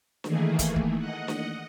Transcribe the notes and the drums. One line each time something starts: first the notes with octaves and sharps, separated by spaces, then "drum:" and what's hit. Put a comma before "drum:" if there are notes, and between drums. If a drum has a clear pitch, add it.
D#3 E3 A3 A#3 G#4, drum: snare D4
drum: kick, hi-hat
drum: kick
D#5 F#5
drum: snare D4